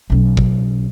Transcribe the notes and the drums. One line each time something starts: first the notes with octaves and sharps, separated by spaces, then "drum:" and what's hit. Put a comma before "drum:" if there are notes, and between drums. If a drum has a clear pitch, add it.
B1 C#4
drum: kick